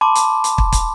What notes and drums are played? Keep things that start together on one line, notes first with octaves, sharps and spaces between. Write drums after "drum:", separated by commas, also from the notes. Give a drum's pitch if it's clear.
A5 B5 C6 D6
drum: hi-hat
drum: hi-hat
drum: kick
drum: kick, hi-hat